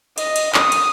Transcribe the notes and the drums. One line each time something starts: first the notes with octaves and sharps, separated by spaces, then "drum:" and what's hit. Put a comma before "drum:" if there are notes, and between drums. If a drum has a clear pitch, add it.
D#5, drum: cymbal
drum: cymbal
D#6, drum: clap
drum: cymbal